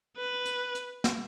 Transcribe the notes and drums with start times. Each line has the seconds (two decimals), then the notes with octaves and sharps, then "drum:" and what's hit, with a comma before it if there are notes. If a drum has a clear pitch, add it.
0.17 B4
0.45 drum: hi-hat
0.75 drum: hi-hat
1.04 drum: snare